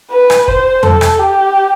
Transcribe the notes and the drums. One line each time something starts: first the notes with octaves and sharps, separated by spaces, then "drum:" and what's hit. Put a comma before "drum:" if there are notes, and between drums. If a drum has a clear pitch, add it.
B4
drum: rim click
C5, drum: kick
A4, drum: tom E2
drum: rim click
G4